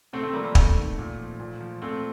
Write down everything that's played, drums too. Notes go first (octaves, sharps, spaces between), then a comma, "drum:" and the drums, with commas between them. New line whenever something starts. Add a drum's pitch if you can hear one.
C3 A3 C4
A3 C4
F3 G3 A#3
G3
C3 A3, drum: kick
D#3
A#2
F3
A#2
F3
A#2 A3 C4